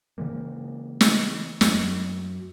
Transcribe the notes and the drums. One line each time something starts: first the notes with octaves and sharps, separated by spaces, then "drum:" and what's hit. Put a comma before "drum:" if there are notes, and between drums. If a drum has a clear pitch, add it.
C#3 E3 G#3 A#3
drum: snare
F#2 F#3, drum: snare